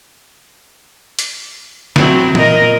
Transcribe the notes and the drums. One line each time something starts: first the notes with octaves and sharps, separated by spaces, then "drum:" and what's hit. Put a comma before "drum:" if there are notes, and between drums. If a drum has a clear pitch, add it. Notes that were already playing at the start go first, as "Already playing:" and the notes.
drum: hi-hat
F#3 C4 E4, drum: snare
A#2 A#4 D#5, drum: tom E3